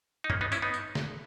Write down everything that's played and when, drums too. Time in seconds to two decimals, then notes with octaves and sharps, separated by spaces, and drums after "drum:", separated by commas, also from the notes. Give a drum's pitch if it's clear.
0.24 D#4
0.30 A#3 C#4, drum: tom
0.41 B3 D#4
0.52 C#4 E4, drum: tambourine
0.62 B3 D#4
0.74 drum: tambourine
0.95 drum: snare